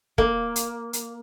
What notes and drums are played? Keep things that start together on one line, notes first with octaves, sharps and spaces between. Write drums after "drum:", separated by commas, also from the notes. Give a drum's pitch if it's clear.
A#3, drum: kick
drum: hi-hat
drum: hi-hat